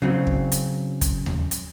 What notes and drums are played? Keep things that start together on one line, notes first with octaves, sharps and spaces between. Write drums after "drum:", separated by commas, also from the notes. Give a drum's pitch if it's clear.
C#3 F#3 C4
drum: kick
drum: hi-hat
drum: kick, hi-hat
drum: tom D#2
drum: hi-hat